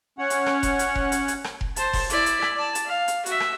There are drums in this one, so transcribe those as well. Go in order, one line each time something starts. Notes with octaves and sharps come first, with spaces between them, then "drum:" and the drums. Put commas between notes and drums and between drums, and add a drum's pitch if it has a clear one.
C#4 C#5 F#5
drum: hi-hat
drum: rim click
drum: kick F1, hi-hat
drum: hi-hat
drum: kick F1
drum: hi-hat
drum: hi-hat
drum: rim click
drum: kick F1
C5 A5, drum: hi-hat
drum: kick F1, open hi-hat
E4 D5, drum: hi-hat
drum: hi-hat
drum: rim click
D5 A5
drum: hi-hat
F5
drum: hi-hat
F#4 E5, drum: hi-hat
drum: rim click